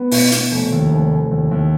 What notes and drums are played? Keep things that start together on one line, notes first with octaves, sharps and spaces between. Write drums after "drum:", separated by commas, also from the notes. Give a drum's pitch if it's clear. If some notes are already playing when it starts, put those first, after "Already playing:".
Already playing: B3
B2, drum: open hi-hat
B2, drum: hi-hat
F1
D#2
F1
F1
D#2
D#2